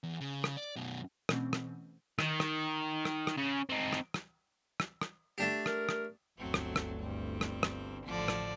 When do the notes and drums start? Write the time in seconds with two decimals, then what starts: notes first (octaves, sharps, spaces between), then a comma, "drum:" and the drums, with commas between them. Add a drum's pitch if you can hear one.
0.03 E2
0.21 C#3
0.44 drum: rim click
0.57 D5
0.76 F#2 B2
1.29 B2 E3 A3 C4 C#4, drum: rim click
1.53 drum: rim click
2.19 D#3, drum: rim click
2.40 drum: rim click
3.05 drum: rim click
3.27 drum: rim click
3.38 C#3
3.70 C4 D#4
3.93 drum: rim click
4.14 drum: rim click
4.80 drum: rim click
5.02 drum: rim click
5.38 A3 D4 G4
5.66 A#4, drum: rim click
5.89 drum: rim click
6.38 G1 D2 F#3 A3 C4
6.54 drum: rim click
6.76 drum: rim click
7.00 G2 C4
7.41 drum: rim click
7.63 drum: rim click
8.07 A1 D3 F3 D5
8.28 drum: rim click